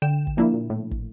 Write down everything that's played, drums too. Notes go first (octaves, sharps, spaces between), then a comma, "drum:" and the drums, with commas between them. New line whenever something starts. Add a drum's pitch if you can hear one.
D3 G5 E7
drum: kick
F3 A#3 D4 E4
A#2
A2
drum: kick